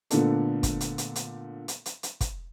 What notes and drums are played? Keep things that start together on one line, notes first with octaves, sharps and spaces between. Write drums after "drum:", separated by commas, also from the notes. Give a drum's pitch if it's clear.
A#2 D3 A3 B3 D4 A4, drum: hi-hat
drum: kick, hi-hat
drum: hi-hat
drum: hi-hat
drum: hi-hat
drum: hi-hat
drum: hi-hat
drum: hi-hat
drum: kick, hi-hat